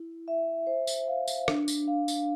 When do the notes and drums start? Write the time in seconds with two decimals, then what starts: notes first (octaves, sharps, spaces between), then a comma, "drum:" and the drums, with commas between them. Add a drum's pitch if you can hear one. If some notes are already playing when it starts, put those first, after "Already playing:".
Already playing: E4
0.28 E5
0.67 C5
0.87 drum: tambourine
1.08 F5
1.28 drum: tambourine
1.48 D4, drum: rim click
1.68 drum: tambourine
1.88 F5
2.08 drum: tambourine